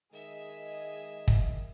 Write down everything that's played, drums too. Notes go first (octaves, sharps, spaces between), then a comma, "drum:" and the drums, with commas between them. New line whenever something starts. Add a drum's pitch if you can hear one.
D#3 G#3 G#4 D#5 E5
drum: kick